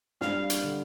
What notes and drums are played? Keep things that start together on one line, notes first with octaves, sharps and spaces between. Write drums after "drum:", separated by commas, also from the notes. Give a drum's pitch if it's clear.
G2 F5, drum: snare
drum: hi-hat
D3